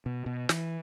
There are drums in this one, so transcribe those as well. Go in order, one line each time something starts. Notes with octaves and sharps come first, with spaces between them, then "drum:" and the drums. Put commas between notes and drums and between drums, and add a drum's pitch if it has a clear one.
B2
B2
E3, drum: snare